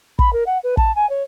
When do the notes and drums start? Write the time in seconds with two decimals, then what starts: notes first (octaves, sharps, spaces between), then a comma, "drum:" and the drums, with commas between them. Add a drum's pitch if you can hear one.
0.19 B5, drum: kick
0.33 A#4
0.46 F#5
0.63 B4
0.77 A5, drum: kick
0.96 G#5
1.10 C#5